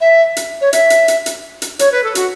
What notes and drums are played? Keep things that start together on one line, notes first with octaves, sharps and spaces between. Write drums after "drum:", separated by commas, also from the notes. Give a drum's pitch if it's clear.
E5
drum: hi-hat
C#5
E5, drum: hi-hat
drum: hi-hat
drum: hi-hat
drum: hi-hat
drum: hi-hat
C#5, drum: hi-hat
B4
A4
F#4, drum: hi-hat